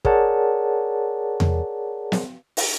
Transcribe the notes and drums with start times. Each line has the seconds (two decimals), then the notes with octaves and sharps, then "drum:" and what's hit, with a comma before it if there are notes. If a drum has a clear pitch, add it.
0.05 G#4 A#4 C#5 D5 F#5 A5, drum: kick
1.40 drum: tom E2
2.12 drum: snare
2.57 drum: open hi-hat